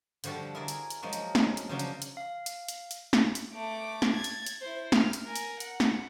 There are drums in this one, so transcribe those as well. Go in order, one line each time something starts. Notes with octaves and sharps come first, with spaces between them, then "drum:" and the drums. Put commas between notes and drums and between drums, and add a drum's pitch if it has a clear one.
D3 F3 G3 F#4 A4, drum: hi-hat
E4 G#4 A#4 D5
drum: hi-hat
drum: hi-hat
F3 F#3 G#3 A#3 F#4
drum: hi-hat
drum: snare
drum: hi-hat
C#3 F3 F#3 D4
drum: hi-hat
drum: hi-hat
F5
drum: hi-hat
drum: hi-hat
drum: hi-hat
drum: snare
drum: hi-hat
A3 D6
drum: snare
G#6 A6
drum: hi-hat
drum: hi-hat
E4 C5
F6, drum: snare
drum: hi-hat
A#4 G#5
drum: hi-hat
F#5, drum: hi-hat
drum: snare